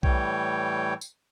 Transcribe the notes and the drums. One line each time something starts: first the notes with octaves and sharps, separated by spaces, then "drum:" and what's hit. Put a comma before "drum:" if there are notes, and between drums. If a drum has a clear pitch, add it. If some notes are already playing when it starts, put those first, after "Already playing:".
A2 E3 G3 C#5 G5, drum: kick B1
drum: tambourine